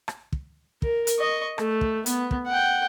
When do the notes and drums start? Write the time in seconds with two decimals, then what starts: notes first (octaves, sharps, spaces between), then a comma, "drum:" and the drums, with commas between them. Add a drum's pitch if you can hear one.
0.08 drum: rim click
0.33 drum: kick
0.82 A#4, drum: kick
1.07 drum: hi-hat
1.19 D#5 C#6
1.58 A3, drum: rim click
1.81 drum: kick
2.06 B3, drum: hi-hat
2.31 drum: kick
2.47 F#5 G5